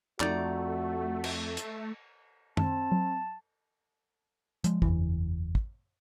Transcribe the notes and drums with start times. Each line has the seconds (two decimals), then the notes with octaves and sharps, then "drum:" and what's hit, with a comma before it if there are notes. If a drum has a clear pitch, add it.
0.20 F2 A3 D#4 F#4 D5 A#5, drum: clap
1.24 drum: cymbal
1.57 drum: hi-hat
2.57 C4 A5, drum: tom
2.92 F#3
4.64 F3 G#3, drum: hi-hat
4.82 F#1 E2 E3, drum: kick
5.55 drum: kick